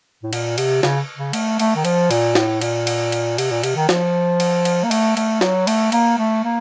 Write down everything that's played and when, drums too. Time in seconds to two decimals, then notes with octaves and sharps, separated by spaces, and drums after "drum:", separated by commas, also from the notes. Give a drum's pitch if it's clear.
0.23 A2
0.33 A#2, drum: cymbal
0.58 C3, drum: cymbal
0.83 C#3, drum: snare
1.17 C#3
1.33 A3, drum: cymbal
1.59 A3, drum: cymbal
1.76 D#3
1.85 F3, drum: cymbal
2.11 A#2, drum: cymbal
2.35 A2, drum: snare
2.61 A#2, drum: cymbal
2.87 drum: cymbal
3.12 drum: cymbal
3.38 C3, drum: cymbal
3.51 A#2
3.63 C3, drum: cymbal
3.76 D#3
3.89 F3, drum: snare
4.40 drum: cymbal
4.65 drum: cymbal
4.84 A#3
4.91 A3, drum: cymbal
5.17 A3, drum: cymbal
5.41 F#3, drum: snare
5.67 A3, drum: cymbal
5.92 A#3, drum: cymbal
6.18 A3
6.44 A#3